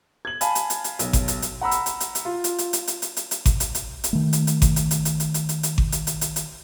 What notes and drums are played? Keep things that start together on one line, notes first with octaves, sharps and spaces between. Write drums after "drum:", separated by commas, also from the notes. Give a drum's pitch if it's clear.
G#6 F#7
F5 G#5 A5 B5, drum: hi-hat
drum: hi-hat
drum: hi-hat
drum: hi-hat
B1, drum: hi-hat
drum: kick G#1, hi-hat
drum: hi-hat
drum: hi-hat
F#5 A#5 B5 E6
drum: hi-hat
drum: hi-hat
drum: hi-hat
drum: hi-hat
F4
drum: hi-hat
drum: hi-hat
drum: hi-hat
drum: hi-hat
drum: hi-hat
drum: hi-hat
drum: hi-hat
drum: kick G#1, hi-hat
drum: hi-hat
drum: hi-hat
drum: hi-hat
D#3 A3
drum: hi-hat
drum: hi-hat
drum: kick G#1, hi-hat
drum: hi-hat
drum: hi-hat
drum: hi-hat
drum: hi-hat
drum: hi-hat
drum: hi-hat
drum: hi-hat
drum: kick G#1
drum: hi-hat
drum: hi-hat
drum: hi-hat
drum: hi-hat